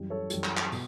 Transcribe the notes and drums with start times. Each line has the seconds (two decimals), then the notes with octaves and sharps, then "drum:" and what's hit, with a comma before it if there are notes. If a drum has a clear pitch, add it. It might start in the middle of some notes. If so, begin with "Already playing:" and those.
Already playing: F#2 E3 G3
0.10 A4 C#5
0.30 F#2 E3 G3, drum: hi-hat
0.44 drum: clap
0.57 drum: clap
0.72 B2, drum: open hi-hat